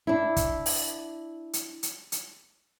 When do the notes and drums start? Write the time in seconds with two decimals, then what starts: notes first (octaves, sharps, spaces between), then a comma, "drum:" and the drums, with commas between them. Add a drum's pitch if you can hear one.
0.07 D4 E4
0.36 drum: kick, hi-hat
0.66 drum: open hi-hat
1.53 drum: hi-hat
1.83 drum: hi-hat
2.12 drum: hi-hat